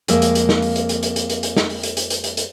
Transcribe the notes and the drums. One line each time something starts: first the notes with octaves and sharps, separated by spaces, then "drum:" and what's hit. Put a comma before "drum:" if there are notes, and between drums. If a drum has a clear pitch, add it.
F2 G#3 A#3 E5, drum: hi-hat
drum: hi-hat
drum: hi-hat
drum: snare
drum: open hi-hat
drum: hi-hat
drum: hi-hat
drum: hi-hat
drum: hi-hat
drum: hi-hat
drum: hi-hat
drum: snare
drum: open hi-hat
drum: hi-hat
drum: hi-hat
drum: hi-hat
drum: hi-hat
drum: hi-hat